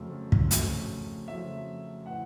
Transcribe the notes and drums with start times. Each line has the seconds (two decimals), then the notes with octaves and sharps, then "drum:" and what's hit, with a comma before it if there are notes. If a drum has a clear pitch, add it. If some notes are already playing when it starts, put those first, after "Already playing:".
Already playing: F2 C#3 F#3 A3
0.32 drum: kick
0.51 F2 C#3 F#3 A3, drum: hi-hat
1.28 F2 C#3 F#3 A3 E5
2.06 A2 E3 F#5